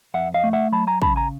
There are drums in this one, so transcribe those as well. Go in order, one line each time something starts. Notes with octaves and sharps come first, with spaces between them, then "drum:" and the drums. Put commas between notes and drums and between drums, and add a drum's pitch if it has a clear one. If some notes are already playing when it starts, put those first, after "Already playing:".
F2 E5 F#5
D#5 F5
A3
E5 F#5
F#3 A5 B5
G#5 A#5
C#3 A5 B5, drum: kick
G#5 A#5